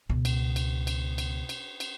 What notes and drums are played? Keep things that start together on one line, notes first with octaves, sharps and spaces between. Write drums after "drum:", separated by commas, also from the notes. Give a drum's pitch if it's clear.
C#2 B2
drum: cymbal
drum: cymbal
drum: cymbal
drum: cymbal
drum: cymbal
drum: cymbal